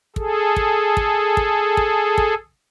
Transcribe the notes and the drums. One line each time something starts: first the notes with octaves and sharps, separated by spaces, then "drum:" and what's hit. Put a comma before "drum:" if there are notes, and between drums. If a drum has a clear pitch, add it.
G#4 A4, drum: kick
drum: kick
drum: kick
drum: kick
drum: kick
drum: kick